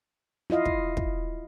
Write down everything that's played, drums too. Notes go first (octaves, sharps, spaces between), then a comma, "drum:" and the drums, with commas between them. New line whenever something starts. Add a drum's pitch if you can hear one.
E4 F4 D#5 F5
drum: kick
drum: kick